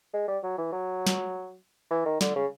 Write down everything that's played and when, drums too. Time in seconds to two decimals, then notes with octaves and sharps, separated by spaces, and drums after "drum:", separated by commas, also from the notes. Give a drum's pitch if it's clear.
0.13 G#3
0.28 G3
0.43 F#3
0.58 E3
0.72 F#3
1.07 drum: snare
1.90 E3
2.06 D#3
2.21 D3, drum: snare
2.35 C#3